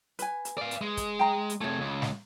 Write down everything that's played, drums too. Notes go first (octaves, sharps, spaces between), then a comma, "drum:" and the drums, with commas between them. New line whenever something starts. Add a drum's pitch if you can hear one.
B4 G#5, drum: hi-hat
drum: hi-hat
D5 F5
drum: hi-hat
G#3
drum: kick, hi-hat
G5 A#5
drum: hi-hat
C3 A3 G#4 C#5
C#2
drum: snare